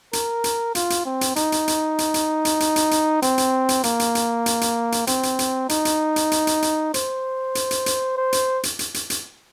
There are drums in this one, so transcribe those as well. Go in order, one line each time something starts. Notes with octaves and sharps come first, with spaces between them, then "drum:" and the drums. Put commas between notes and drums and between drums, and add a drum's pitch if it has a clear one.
A#4, drum: hi-hat
drum: hi-hat
F4, drum: hi-hat
drum: hi-hat
C4
drum: hi-hat
D#4, drum: hi-hat
drum: hi-hat
drum: hi-hat
drum: hi-hat
drum: hi-hat
drum: hi-hat
drum: hi-hat
drum: hi-hat
drum: hi-hat
C4, drum: hi-hat
drum: hi-hat
drum: hi-hat
A#3, drum: hi-hat
drum: hi-hat
drum: hi-hat
drum: hi-hat
drum: hi-hat
drum: hi-hat
C4, drum: hi-hat
drum: hi-hat
drum: hi-hat
D#4, drum: hi-hat
drum: hi-hat
drum: hi-hat
drum: hi-hat
drum: hi-hat
drum: hi-hat
C5, drum: hi-hat
drum: hi-hat
drum: hi-hat
drum: hi-hat
C5
drum: hi-hat
drum: hi-hat
drum: hi-hat
drum: hi-hat
drum: hi-hat